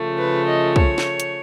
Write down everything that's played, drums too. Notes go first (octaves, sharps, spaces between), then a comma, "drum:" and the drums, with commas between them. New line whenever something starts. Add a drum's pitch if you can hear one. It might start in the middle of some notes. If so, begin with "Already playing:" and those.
Already playing: C#3 F3 A3
B4
D#5
C#5, drum: kick
drum: snare
drum: hi-hat